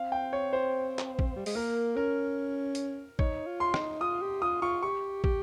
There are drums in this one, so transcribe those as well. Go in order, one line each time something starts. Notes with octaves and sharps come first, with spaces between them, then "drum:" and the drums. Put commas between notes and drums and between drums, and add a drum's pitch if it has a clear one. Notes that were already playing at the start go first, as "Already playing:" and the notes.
Already playing: C4 F5
G5
C#5
C5
drum: clap
drum: kick
G3
G#3, drum: open hi-hat
A#3 A#4
C#4 A#4
drum: hi-hat
D#4 C#5, drum: kick
F4
C6
D#4, drum: rim click
F4 D#6
G4
F4 D#6
F4 C#6
G4 C#6
G4, drum: kick